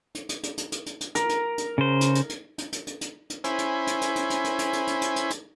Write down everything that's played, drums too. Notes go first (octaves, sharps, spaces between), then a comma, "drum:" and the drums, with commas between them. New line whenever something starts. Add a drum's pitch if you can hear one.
drum: hi-hat
drum: hi-hat
drum: hi-hat
drum: hi-hat
drum: hi-hat
drum: hi-hat
drum: hi-hat
A#4, drum: hi-hat
drum: hi-hat
drum: hi-hat
C#3 C5
drum: hi-hat
drum: hi-hat
drum: hi-hat
drum: hi-hat
drum: hi-hat
drum: hi-hat
drum: hi-hat
drum: hi-hat
C#4 E4 C5 G#5 B5, drum: hi-hat
drum: hi-hat
drum: hi-hat
drum: hi-hat
drum: hi-hat
drum: hi-hat
drum: hi-hat
drum: hi-hat
drum: hi-hat
drum: hi-hat
drum: hi-hat
drum: hi-hat
drum: hi-hat